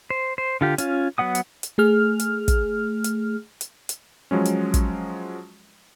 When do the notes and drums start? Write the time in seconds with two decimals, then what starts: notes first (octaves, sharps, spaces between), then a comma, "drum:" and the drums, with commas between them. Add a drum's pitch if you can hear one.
0.10 C5
0.38 C5
0.61 D3 F4 G4
0.78 C#4 F4, drum: hi-hat
1.18 F#3 B3 F#5 D#6
1.35 drum: hi-hat
1.63 drum: hi-hat
1.78 A3 G#4 F6
2.20 drum: hi-hat
2.48 drum: kick, hi-hat
3.04 drum: hi-hat
3.61 drum: hi-hat
3.89 drum: hi-hat
4.31 F3 F#3 G#3 C#4
4.45 drum: hi-hat
4.74 drum: kick, hi-hat